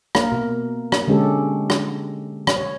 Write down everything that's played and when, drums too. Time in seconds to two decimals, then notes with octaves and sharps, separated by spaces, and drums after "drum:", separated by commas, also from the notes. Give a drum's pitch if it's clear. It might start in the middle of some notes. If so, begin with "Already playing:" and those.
0.15 A#3 A#4, drum: rim click
0.32 B2
0.92 drum: rim click
1.08 D3 G#3 C#4 G4 A4
1.70 drum: rim click
2.47 drum: rim click
2.57 C#5